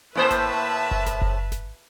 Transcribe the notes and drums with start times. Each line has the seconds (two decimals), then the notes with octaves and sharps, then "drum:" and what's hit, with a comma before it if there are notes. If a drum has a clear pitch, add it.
0.15 A2 A#3 B4 C5 E5 A5
0.31 drum: snare G#1
0.91 drum: kick F#1
1.06 drum: snare G#1
1.22 drum: kick F#1
1.52 drum: snare G#1